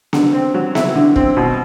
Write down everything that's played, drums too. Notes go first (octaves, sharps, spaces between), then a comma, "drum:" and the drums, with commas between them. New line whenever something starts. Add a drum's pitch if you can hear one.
D3, drum: snare B3
C4
F#3
E4, drum: snare B3
D3
C4, drum: kick
B2